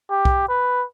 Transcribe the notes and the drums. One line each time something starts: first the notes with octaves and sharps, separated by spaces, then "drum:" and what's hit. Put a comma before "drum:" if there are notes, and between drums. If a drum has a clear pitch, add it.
G4
drum: kick B1
B4